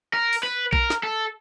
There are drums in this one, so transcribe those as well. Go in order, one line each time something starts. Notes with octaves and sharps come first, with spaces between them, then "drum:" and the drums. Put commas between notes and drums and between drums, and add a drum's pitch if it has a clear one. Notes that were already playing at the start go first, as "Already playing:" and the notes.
A#4
drum: open hi-hat
B4
A#4, drum: kick A#1
drum: snare
A4